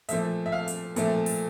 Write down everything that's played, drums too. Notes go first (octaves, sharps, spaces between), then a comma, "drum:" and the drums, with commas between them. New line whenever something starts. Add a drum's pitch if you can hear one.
A#2 F3 A3 E5, drum: hi-hat
E5
F5
drum: hi-hat
A#2 F3 A3, drum: hi-hat
drum: open hi-hat